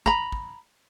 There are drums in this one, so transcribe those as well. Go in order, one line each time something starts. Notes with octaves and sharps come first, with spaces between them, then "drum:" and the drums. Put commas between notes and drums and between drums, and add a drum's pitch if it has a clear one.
A#5 B5, drum: kick
drum: kick